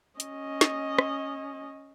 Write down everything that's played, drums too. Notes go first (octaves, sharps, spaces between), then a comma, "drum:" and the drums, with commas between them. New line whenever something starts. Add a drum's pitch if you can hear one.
C#4 D#5, drum: hi-hat
drum: snare
drum: rim click